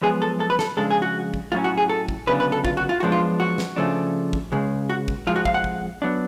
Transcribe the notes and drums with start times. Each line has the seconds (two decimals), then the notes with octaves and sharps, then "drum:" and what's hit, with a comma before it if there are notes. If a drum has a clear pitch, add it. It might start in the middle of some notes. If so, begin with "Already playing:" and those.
0.02 F#2 F3 G#3 B3 G#4
0.22 A4
0.40 A4
0.50 B4
0.59 A4, drum: snare
0.77 F2 C#3 G#3 D4 A4
0.91 G#4
1.02 F#4
1.34 drum: kick
1.52 A2 F#3 C#4 F4
1.64 F#4
1.77 G#4
1.89 A4
2.08 drum: kick
2.27 D2 C#3 F#3 B3 D4 B4
2.40 B4
2.52 A4
2.65 F4, drum: kick
2.77 F#4
2.89 F4
3.00 F#2 F3 G#3 B3 D4 F#4
3.12 F4
3.40 F#4
3.58 drum: snare
3.76 C#3 F3 A3 D4
4.33 drum: kick
4.52 C#2 C#3 G#3
4.89 F#4
5.08 drum: kick
5.27 F2 F3 G#3 F4
5.36 F#4
5.45 F5, drum: kick
5.54 F#5
5.64 drum: kick
6.02 F#3 B3 D4